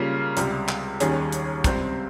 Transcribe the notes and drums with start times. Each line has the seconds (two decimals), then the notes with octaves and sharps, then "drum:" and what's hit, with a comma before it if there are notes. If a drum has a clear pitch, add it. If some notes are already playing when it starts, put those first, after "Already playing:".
Already playing: C#3 G3 A#3 F4
0.37 C#2 C3 G3, drum: hi-hat
0.69 drum: clap
1.00 D#2 D#3 G3 C#4 G#4, drum: hi-hat
1.32 drum: hi-hat
1.64 C#2 C3 G3 C4, drum: kick, hi-hat